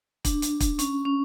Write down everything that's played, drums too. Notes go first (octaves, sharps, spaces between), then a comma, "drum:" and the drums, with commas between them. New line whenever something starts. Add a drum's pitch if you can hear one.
D4, drum: kick, hi-hat
drum: hi-hat
drum: kick, hi-hat
C#4, drum: hi-hat
C#4